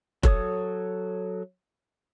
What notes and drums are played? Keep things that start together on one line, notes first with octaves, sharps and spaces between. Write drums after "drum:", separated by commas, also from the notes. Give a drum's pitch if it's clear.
F#3 A4 C#5 D#6, drum: kick F1